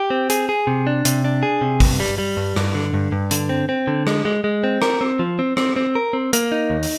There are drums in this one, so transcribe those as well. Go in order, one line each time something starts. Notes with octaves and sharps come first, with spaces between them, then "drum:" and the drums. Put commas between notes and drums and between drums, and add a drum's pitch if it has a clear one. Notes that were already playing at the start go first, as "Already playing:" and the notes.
Already playing: G4
C4
G#4, drum: hi-hat
G#4
C3
D4
C3, drum: hi-hat
D4
G#4
C3
G2, drum: kick, open hi-hat
G3
G3
G2
G2, drum: rim click
D3
G2
G2
D3, drum: hi-hat
C4
C4
D3
G#3, drum: rim click
G#3
G#3
C4
A#4, drum: rim click
C4
F3
C4
C4, drum: rim click
C4
A#4
C4
A#3, drum: hi-hat
D#4
D#2
drum: open hi-hat